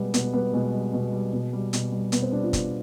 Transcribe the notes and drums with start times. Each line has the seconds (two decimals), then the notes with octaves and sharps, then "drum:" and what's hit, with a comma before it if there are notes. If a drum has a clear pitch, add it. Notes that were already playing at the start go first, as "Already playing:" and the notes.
Already playing: B2 G3 G#3 B3
0.14 B2 B3, drum: hi-hat
0.33 G3 B3
0.53 B2 G#3
0.73 G3
0.93 B2
1.12 G3
1.33 B2
1.53 G3
1.73 B2, drum: hi-hat
1.92 G3
2.12 B2 B3, drum: hi-hat
2.22 C4
2.32 G3 D4
2.43 F4
2.53 B2, drum: kick, hi-hat